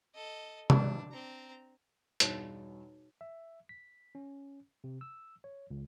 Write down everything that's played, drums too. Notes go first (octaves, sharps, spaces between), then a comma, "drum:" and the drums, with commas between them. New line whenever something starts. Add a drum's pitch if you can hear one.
A4 D#5
D4, drum: tom C3
C4 A#5
E2 G2 B2 D#4 F#4 C#5, drum: hi-hat
E5
B6
C#4
C3
E6
C#5
C#2